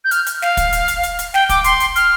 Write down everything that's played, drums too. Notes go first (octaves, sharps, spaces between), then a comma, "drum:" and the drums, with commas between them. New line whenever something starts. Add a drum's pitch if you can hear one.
G6
F6, drum: hi-hat
drum: hi-hat
F5, drum: snare
drum: kick, hi-hat
drum: hi-hat
drum: hi-hat
drum: hi-hat
drum: hi-hat
G5, drum: snare
D6, drum: kick, hi-hat
C6, drum: hi-hat
drum: hi-hat
F6, drum: hi-hat